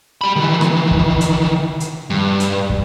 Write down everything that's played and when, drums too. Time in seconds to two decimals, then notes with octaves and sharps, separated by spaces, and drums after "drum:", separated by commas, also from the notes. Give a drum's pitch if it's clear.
0.21 G3 B5
0.36 D#3 E3
0.61 drum: rim click
0.91 drum: kick
1.21 drum: hi-hat
1.80 drum: hi-hat
2.10 G2
2.40 drum: hi-hat
2.70 drum: kick